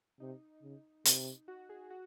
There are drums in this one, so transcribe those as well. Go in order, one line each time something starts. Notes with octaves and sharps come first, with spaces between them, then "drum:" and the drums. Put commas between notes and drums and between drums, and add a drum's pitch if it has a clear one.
C3 D#4
C#3
C3, drum: hi-hat
F#4
G#4
F#4